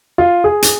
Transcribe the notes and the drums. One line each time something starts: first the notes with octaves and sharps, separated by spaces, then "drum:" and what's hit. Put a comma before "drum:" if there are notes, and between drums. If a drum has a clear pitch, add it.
F4
G#4
drum: hi-hat